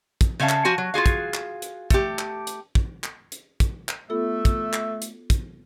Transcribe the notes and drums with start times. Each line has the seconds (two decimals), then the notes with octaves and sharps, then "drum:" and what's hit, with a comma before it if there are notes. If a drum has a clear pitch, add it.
0.21 drum: kick, hi-hat
0.40 C#3 C#4 E5 F5 A5
0.49 drum: clap
0.65 F3 F#4 G#5
0.78 F#3
0.94 F4 F#4 G#4 F5
1.06 drum: kick, hi-hat
1.34 drum: clap
1.62 drum: hi-hat
1.90 A3 G4, drum: kick, hi-hat
2.19 drum: clap
2.47 drum: hi-hat
2.75 drum: kick
3.04 drum: clap
3.32 drum: hi-hat
3.60 drum: kick, hi-hat
3.89 drum: clap
4.10 A3 B3 F4 A4 E5
4.45 drum: kick, hi-hat
4.73 drum: clap
5.02 drum: hi-hat
5.30 drum: kick, hi-hat